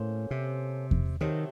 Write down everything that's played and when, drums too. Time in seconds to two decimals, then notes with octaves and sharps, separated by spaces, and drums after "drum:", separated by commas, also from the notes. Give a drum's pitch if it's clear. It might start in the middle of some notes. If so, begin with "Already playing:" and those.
Already playing: A2 A#3 C#4 A4 C5
0.31 C3
0.91 drum: kick E2
1.21 C3 D#3 F#3 A3